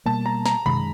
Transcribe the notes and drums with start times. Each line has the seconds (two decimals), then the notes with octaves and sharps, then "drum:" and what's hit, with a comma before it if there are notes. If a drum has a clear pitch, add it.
0.06 B2 G3 A#3 A5
0.26 A#5
0.46 A#5, drum: snare
0.66 F#2 D#3 G#3 B5, drum: tom B2